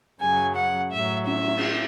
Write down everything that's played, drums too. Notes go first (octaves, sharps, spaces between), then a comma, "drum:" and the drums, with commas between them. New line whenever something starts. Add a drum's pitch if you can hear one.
F#2 C#3 F#3 G#5
F#5
A2 F#3 E5
E5, drum: cymbal
drum: cymbal